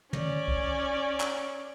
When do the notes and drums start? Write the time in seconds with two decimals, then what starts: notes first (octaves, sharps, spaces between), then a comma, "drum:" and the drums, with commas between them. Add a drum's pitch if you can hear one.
0.13 C#4 D5, drum: tom
0.48 drum: kick
1.20 drum: clap